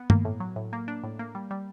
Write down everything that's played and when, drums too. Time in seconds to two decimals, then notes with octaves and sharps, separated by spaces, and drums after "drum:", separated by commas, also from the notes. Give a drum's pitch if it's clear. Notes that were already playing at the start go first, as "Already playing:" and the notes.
Already playing: B3
0.10 A#3, drum: tom G2
0.25 A2
0.40 F#3
0.56 A2
0.73 A#3
0.88 D4
1.03 A2
1.19 A#3
1.35 G3
1.51 G3